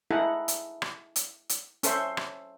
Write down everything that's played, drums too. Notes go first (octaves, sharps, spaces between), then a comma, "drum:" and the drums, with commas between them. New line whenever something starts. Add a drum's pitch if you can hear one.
D#4 E4 G#4 A4 F#5
drum: hi-hat
drum: rim click
drum: hi-hat
drum: hi-hat
C#4 A4 C5 E5 C6, drum: hi-hat
drum: rim click